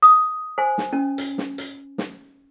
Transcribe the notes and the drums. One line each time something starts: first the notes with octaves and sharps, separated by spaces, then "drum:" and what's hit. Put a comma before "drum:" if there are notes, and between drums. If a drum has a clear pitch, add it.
D#6
C5 G#5
drum: snare
C#4
drum: hi-hat
drum: snare
drum: hi-hat
drum: snare